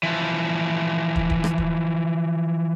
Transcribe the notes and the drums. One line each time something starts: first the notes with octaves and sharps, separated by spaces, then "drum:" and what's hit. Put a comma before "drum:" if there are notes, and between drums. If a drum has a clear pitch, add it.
E3 F3
drum: kick
drum: kick
drum: rim click
drum: kick